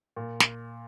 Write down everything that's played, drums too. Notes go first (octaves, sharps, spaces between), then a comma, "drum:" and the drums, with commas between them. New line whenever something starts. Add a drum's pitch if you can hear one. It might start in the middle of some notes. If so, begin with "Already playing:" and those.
A#2
drum: snare